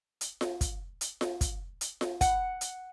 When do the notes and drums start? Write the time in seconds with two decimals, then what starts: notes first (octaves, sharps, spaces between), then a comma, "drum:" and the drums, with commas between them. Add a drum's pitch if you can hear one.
0.21 drum: hi-hat
0.41 drum: snare F4
0.61 drum: kick, hi-hat
1.01 drum: hi-hat
1.21 drum: snare F4
1.41 drum: kick, hi-hat
1.81 drum: hi-hat
2.01 drum: snare F4
2.21 F#5, drum: kick, hi-hat
2.61 drum: hi-hat